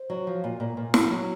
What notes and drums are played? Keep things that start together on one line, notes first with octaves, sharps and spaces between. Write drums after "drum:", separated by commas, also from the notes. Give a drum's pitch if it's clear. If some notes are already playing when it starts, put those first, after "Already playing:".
Already playing: C5
F#3
F3
A#2
A#2
A#2
F#3, drum: snare
F#3